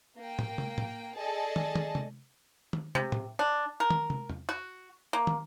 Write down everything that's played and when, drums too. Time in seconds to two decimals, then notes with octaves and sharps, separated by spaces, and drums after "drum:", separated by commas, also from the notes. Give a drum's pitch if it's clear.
0.18 A#3 G5
0.39 drum: tom
0.58 drum: tom
0.78 drum: tom
1.17 G#4 A4 D5 D#5 A5
1.56 drum: tom
1.75 drum: tom
1.95 drum: tom
2.73 drum: tom
2.95 C3, drum: tom
3.12 drum: tom
3.39 D4
3.80 A#4
3.90 drum: tom
4.10 drum: tom
4.30 drum: tom E2
4.49 F#4
5.13 A#3
5.27 drum: tom